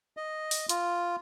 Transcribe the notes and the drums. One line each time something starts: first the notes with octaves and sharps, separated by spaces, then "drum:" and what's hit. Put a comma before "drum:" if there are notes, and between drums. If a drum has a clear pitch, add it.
D#5
drum: open hi-hat
F4, drum: hi-hat